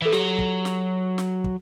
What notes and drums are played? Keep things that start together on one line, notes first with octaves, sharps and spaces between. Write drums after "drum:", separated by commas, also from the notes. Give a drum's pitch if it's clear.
E3 A4
F#3 G4, drum: snare
drum: kick
drum: snare
drum: snare
drum: kick